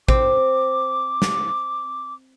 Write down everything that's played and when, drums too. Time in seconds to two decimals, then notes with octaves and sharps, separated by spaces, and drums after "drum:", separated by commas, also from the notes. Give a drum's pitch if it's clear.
0.08 C4 D6, drum: kick
1.22 drum: snare